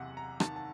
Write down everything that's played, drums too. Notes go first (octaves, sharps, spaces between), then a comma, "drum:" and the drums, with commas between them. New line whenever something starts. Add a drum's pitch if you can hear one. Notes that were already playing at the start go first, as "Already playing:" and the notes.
Already playing: F#1 E2 C3 F#5
A#5
D#3 A5, drum: rim click
A5